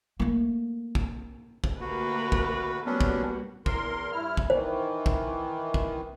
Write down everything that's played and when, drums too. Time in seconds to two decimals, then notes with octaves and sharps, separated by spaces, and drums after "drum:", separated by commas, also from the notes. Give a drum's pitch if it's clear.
0.19 A3 A#3
0.95 drum: kick
1.64 drum: kick
1.81 D2 A#3 F#4 G4 A#4 B4
2.32 drum: kick
2.86 F#3 G3 A#3 B3 C#4 D4 F#4
3.01 drum: kick
3.66 E2 A#4 C6, drum: kick
4.12 G2 E4 F6
4.37 drum: kick
4.50 D#3 E3 C5
5.06 drum: kick
5.74 drum: kick